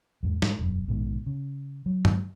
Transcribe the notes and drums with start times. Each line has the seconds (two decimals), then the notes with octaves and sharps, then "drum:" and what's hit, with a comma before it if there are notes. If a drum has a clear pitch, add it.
0.23 E2 G#2
0.42 G#2, drum: snare
0.59 E1 F#2
0.88 A#1 G#2 B2 D#3
1.26 C#3
1.86 F#3
2.05 drum: tom G2